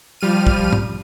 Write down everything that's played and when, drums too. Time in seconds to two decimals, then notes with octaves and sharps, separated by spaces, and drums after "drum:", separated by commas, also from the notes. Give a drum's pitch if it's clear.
0.21 F3 G3 F6 D#7
0.47 drum: kick
0.73 drum: tom